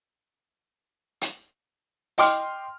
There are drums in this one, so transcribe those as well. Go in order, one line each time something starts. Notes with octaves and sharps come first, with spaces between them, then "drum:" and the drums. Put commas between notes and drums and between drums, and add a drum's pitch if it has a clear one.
drum: hi-hat
D#5 G5 C6 D6 F6, drum: open hi-hat